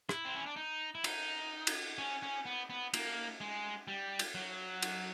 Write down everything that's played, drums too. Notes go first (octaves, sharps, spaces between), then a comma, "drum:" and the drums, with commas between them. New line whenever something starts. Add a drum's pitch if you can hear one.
E4, drum: rim click
C4
C#4
D4
D#4
E4
D#4, drum: cymbal
drum: cymbal
C#4
C#4
B3
B3
A#3, drum: cymbal
G#3
G3
drum: cymbal
F#3
drum: cymbal